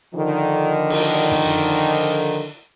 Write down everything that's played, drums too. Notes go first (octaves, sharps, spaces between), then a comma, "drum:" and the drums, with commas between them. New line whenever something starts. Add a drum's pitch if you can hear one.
D3 D#3 F3
drum: cymbal
drum: hi-hat
drum: tom